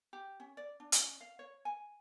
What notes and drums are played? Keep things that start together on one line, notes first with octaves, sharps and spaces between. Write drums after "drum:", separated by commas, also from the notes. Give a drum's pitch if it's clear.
G4
C#4
D5
D4
C#4, drum: hi-hat
F5
C#5
G#5